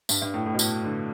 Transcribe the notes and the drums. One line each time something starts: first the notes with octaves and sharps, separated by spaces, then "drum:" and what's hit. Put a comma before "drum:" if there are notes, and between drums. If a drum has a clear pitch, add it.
G2, drum: tambourine
G2
A2
A2
B2
A2, drum: tambourine
D3